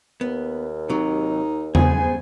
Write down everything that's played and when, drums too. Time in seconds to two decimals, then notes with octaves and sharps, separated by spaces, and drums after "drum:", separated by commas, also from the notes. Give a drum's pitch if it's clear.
0.21 D#2 B3
0.90 C3 F#3 D#4
1.75 B3 G#4 C5 G#5, drum: tom E2